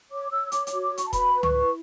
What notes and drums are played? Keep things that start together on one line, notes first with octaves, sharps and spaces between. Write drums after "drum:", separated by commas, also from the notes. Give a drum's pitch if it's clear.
C#5 D6
C#5 E6
E6
C#5 D6, drum: hi-hat
D6, drum: hi-hat
F#4
D6
F#4
C#6, drum: hi-hat
A5
B4 B5, drum: kick D#1, hi-hat
B4
C#6, drum: tom C#2
E4